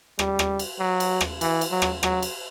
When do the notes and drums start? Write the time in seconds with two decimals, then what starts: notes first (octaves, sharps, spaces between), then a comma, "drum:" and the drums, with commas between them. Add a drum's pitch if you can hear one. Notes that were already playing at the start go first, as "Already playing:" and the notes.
0.19 G3, drum: rim click
0.39 drum: rim click
0.59 drum: cymbal
0.79 F#3
1.00 drum: cymbal
1.21 drum: rim click
1.41 E3, drum: cymbal
1.61 drum: cymbal
1.71 F#3
1.82 drum: rim click
2.03 F#3, drum: rim click
2.23 drum: cymbal